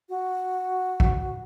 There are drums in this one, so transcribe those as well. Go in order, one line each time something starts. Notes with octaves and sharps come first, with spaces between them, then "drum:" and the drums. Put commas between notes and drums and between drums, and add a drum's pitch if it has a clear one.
F#4
drum: kick A#1